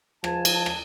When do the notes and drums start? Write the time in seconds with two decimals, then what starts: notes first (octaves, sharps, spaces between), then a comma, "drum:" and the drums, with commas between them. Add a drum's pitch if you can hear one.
0.24 C#2 F3 G#5 A5, drum: rim click
0.45 drum: cymbal
0.66 drum: rim click